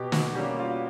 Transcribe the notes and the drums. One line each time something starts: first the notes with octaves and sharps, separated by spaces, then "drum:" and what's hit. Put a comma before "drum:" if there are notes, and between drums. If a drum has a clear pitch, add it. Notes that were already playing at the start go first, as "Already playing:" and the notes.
Already playing: B2 G4
F#4, drum: snare
G3 A#3 C#4 G4
F4